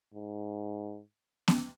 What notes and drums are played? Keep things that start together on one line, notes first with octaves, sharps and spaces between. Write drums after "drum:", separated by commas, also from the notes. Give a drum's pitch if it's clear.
G#2
drum: snare B3